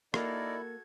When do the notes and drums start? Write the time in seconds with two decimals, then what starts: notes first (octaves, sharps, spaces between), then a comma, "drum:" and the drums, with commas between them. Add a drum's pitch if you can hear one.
0.14 A#3 D#4 E4 F#4 A4 A#4 D5 G#6, drum: rim click